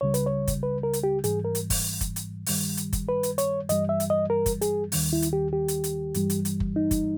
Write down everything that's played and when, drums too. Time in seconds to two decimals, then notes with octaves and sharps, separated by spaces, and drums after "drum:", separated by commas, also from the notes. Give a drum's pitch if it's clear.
0.01 C#2 C#3 G3 C#5
0.14 B4, drum: hi-hat
0.26 C#5
0.47 drum: kick F#1, hi-hat
0.63 B4
0.83 A#4
0.93 drum: hi-hat
1.04 G4
1.24 G#2 E3 G3 G#4, drum: hi-hat
1.45 A#4
1.55 drum: hi-hat
1.70 drum: kick F#1, open hi-hat
2.01 drum: kick F#1, hi-hat
2.16 drum: hi-hat
2.46 G2 D#3 G3, drum: open hi-hat
2.77 drum: hi-hat
2.93 drum: kick F#1, hi-hat
3.08 B4
3.23 drum: hi-hat
3.38 C#5, drum: hi-hat
3.69 G2 E3 G3 D#5, drum: hi-hat
3.89 E5
4.00 drum: hi-hat
4.10 D#5
4.30 A#4
4.46 drum: kick F#1, hi-hat
4.61 G#4, drum: hi-hat
4.92 D#2 D#3 G3, drum: open hi-hat
5.13 E4
5.22 drum: hi-hat
5.33 G4
5.53 G4
5.68 drum: hi-hat
5.84 drum: hi-hat
6.14 G2 E3 G3, drum: hi-hat
6.30 drum: hi-hat
6.45 drum: hi-hat
6.60 drum: kick F#1
6.76 D#4
6.91 drum: kick F#1, hi-hat